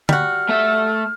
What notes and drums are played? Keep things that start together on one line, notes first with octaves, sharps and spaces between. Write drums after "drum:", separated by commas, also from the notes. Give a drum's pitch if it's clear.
G3 F#4 F6, drum: tom D3
A3 E5